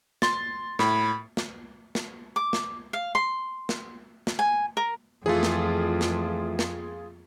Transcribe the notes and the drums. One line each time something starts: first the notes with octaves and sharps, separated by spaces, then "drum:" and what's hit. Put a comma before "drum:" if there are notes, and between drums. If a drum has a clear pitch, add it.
C6 A6, drum: snare
A2 B5, drum: snare
drum: snare
drum: snare
D6
drum: snare
F5
C6
drum: snare
drum: snare
G#5
A#4
F2 E3 A3 F4 G#4
drum: snare
drum: snare
drum: snare